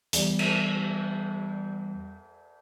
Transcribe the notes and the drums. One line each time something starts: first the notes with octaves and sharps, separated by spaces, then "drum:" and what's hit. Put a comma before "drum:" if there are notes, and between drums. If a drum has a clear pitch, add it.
E2 G3, drum: hi-hat
drum: cymbal